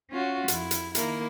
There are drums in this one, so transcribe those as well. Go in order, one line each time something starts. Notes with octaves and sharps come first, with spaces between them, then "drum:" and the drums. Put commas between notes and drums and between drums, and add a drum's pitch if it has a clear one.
C#4 F4 F#4
F2 E4, drum: hi-hat
drum: hi-hat
D#3 A#3 E4, drum: hi-hat